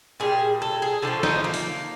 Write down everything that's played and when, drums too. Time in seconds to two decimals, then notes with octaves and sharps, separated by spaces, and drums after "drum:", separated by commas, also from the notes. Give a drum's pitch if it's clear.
0.20 A#2 G3 G#4
0.62 A4
0.82 G#4
1.02 D3 F3 A3 A4
1.23 D#4, drum: snare
1.44 A#3
1.54 drum: open hi-hat